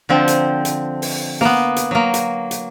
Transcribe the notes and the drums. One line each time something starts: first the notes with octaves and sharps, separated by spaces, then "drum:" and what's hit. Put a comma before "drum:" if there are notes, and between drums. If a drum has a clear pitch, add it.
D3 F3 C4
drum: hi-hat
drum: hi-hat
drum: open hi-hat
A#3 B3, drum: snare
drum: hi-hat
F#3 A#3
drum: hi-hat
drum: hi-hat